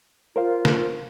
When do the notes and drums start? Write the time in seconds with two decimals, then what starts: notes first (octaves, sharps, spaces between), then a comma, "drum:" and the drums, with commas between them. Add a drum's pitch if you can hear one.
0.36 F4 A#4 C5 F5
0.65 drum: snare